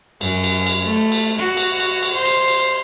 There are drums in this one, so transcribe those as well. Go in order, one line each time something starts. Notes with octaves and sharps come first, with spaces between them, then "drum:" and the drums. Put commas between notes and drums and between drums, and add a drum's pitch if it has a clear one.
F#2, drum: cymbal
drum: cymbal
drum: cymbal
A3
drum: cymbal
F#4
drum: cymbal
drum: cymbal
drum: cymbal
C5
drum: cymbal
drum: cymbal